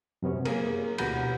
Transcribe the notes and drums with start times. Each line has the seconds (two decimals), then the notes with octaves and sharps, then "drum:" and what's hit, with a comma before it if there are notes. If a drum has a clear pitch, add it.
0.22 F#2 C3 B3 C#4
0.45 A#3 G#4 A#4, drum: cymbal
0.98 D2 B2 F#5 A#5 B5 G6, drum: cymbal